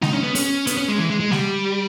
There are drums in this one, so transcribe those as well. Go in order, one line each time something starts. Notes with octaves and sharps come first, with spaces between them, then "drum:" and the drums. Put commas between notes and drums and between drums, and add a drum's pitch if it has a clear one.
D#4, drum: snare G#3
C#4
B3
C#4, drum: open hi-hat
B3, drum: hi-hat
C#4
G#3
E3
G#3
G#3
G3, drum: snare G#3